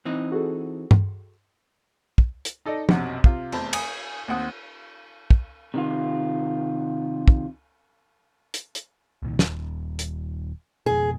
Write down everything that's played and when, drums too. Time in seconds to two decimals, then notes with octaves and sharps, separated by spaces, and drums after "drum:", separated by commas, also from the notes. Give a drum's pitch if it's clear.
0.05 E3 C4 D#4
0.32 F#4 G#4 A4
0.91 drum: tom G2
2.18 drum: kick
2.45 drum: hi-hat
2.66 D#4 A4 D5 D#5
2.89 B1 F#2 C3 F#5, drum: tom
3.24 C3 F4, drum: kick
3.52 F1 E2 C5 A5, drum: cymbal
3.73 G#5 D#6, drum: cymbal
4.28 D#2 C4 F#5 D#6
5.30 drum: kick
5.74 C3 D#3 F4
7.28 drum: kick
8.54 drum: hi-hat
8.75 drum: hi-hat
9.23 C2 A#2 D#3
9.39 D#1, drum: snare
9.99 drum: hi-hat
10.86 F2 B2 G#4